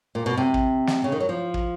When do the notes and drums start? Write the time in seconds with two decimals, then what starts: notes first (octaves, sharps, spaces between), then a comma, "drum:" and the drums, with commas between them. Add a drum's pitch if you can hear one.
0.15 A#2
0.26 B2
0.37 C3
0.54 drum: kick
0.87 drum: snare
1.04 C#3
1.12 D#3
1.20 F#3
1.29 F3
1.54 drum: kick